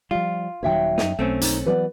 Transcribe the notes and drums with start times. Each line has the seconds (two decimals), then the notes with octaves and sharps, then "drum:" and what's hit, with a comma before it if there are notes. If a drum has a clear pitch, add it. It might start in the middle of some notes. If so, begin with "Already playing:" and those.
0.11 F3 G3 F4
0.63 D#1 D#3 F#3 C#5 E5 G5
0.98 F#2 D#4, drum: snare
1.19 B1 A3 C4 C#4
1.41 D#4, drum: hi-hat
1.66 E3 F#3 B3 B4 D5 F#5